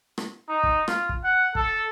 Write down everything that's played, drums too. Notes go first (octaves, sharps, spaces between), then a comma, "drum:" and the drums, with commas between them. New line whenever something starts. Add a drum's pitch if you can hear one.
drum: rim click
D#4
drum: kick
F4, drum: rim click
drum: kick
F#5
A4, drum: kick